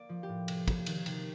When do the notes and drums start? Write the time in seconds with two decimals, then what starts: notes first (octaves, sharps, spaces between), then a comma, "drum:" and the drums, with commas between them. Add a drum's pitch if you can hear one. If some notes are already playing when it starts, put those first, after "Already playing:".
Already playing: A#3 D5
0.09 F3
0.23 G4
0.28 A2
0.48 C3, drum: cymbal
0.68 A#3, drum: kick, cymbal
0.86 D#3, drum: cymbal
1.06 C3, drum: cymbal